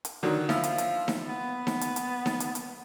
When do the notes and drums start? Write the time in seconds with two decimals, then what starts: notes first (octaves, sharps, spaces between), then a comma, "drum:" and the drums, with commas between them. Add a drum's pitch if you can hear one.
0.05 drum: hi-hat
0.23 D3 D#3 F#3
0.49 F3 E4 E6, drum: snare D#4
0.64 drum: hi-hat
0.78 drum: hi-hat
1.08 drum: snare D#4
1.29 B3
1.67 drum: snare D#4
1.81 drum: hi-hat
1.96 drum: hi-hat
2.26 drum: snare D#4
2.40 drum: hi-hat
2.55 drum: hi-hat